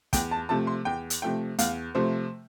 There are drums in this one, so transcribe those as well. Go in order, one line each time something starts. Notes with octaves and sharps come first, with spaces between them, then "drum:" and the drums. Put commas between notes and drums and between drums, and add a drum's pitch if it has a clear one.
E2 G5, drum: kick, hi-hat
A5
C3 F3 A3 A5
C6
E2 G5
drum: hi-hat
C3 F3 A3 G5
E2 F5, drum: hi-hat
C3 F3 A3 C5